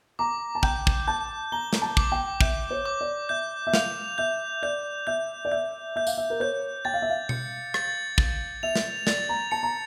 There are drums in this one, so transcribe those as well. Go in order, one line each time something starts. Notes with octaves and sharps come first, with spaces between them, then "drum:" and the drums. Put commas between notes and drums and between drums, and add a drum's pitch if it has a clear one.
A#5 D6
A5
G5 G6, drum: kick
drum: kick
A5 G6
A#5 G7
drum: snare
A5
D6, drum: kick
G5
E5 G6, drum: kick
C#5
D6
D5
E5 G6
E5
F5 F7, drum: snare
E5 G6
D5 G6
E5 G6
D5
E5 G6
E5 G6
F5, drum: tambourine
E5
A#4
C#5 G6
G5 A6
F5
E5
F5
C#7, drum: tom B2
A6, drum: rim click
A6, drum: kick
E5 F7
drum: snare
D5 A6, drum: snare
A#5
A5 C#7
A#5